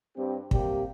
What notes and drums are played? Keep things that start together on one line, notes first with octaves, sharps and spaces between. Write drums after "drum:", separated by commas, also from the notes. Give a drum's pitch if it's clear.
G2 C4 G4
C3 G3 A#3 G4, drum: kick